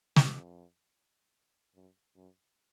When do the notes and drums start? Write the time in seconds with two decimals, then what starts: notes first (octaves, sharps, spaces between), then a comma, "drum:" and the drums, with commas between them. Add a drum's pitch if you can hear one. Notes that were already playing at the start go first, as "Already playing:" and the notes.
0.16 F2, drum: snare
1.76 F#2
2.16 F#2